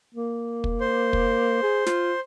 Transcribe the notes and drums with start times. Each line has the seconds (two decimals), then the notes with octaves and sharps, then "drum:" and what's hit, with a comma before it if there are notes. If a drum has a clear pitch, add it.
0.15 A#3
0.64 drum: kick
0.80 C5
1.13 drum: kick
1.63 G#4
1.86 F4, drum: snare